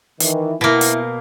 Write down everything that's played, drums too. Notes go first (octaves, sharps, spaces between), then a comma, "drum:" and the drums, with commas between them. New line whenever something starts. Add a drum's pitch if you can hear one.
D#3 E3, drum: hi-hat
B2 A#3 B3 E4
drum: hi-hat